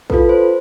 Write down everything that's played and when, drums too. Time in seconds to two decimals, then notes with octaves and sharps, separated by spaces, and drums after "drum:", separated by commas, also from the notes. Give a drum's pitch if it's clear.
0.10 F4 A4 B4, drum: kick
0.29 C5